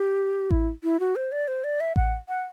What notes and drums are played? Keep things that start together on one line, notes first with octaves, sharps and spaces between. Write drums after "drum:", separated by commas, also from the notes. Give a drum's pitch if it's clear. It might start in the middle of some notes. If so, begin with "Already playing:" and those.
Already playing: G4
E4, drum: kick A1
E4
F#4
C5
D5
C5
D5
E5
F#5, drum: kick A1
F#5